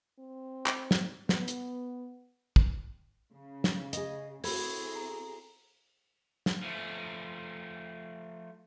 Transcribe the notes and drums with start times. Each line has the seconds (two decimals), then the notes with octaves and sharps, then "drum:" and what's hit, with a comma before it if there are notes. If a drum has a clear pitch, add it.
0.20 C4
0.66 drum: clap
0.91 drum: snare
1.29 B3, drum: snare
1.48 drum: hi-hat
2.56 drum: kick
3.31 C#3
3.64 drum: snare
3.93 G#4 D#5, drum: hi-hat
4.44 C4 E4 F#4 G#4 A4 B5 G#6, drum: open hi-hat
4.96 A#5
6.46 drum: snare
6.63 F3 A3